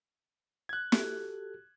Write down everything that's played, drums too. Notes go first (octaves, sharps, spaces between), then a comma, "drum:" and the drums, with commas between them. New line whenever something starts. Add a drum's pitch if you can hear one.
F#6 G#6
F#4 G4 A4, drum: snare